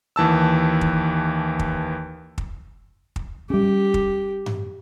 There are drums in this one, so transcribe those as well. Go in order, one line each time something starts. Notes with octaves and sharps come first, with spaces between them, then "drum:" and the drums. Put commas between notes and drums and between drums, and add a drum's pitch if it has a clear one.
D#2 E3 A5 E6
drum: kick
drum: kick
drum: kick
drum: kick
G3 C#4 G4
drum: kick
drum: tom G2